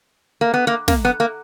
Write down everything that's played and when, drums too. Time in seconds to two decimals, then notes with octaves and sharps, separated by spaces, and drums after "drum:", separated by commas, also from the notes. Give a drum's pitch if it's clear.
0.41 A#3
0.54 B3
0.67 A#3
0.88 A#3, drum: snare
1.05 B3
1.20 A#3